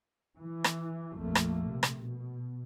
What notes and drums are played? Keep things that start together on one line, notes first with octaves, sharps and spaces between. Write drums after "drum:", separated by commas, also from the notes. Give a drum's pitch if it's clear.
E3
drum: rim click
A#1 F2 A3 A#3
drum: rim click
C3
drum: rim click
B2